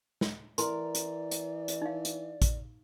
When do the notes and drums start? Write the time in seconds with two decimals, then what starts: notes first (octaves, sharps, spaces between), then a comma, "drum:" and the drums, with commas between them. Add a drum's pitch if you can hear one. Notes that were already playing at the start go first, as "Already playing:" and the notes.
0.21 drum: snare
0.58 E3 E4 A#4 D5 A5 C6, drum: hi-hat
0.95 drum: hi-hat
1.31 drum: hi-hat
1.68 drum: hi-hat
1.82 D#4 F5
2.05 drum: hi-hat
2.42 drum: kick A1, hi-hat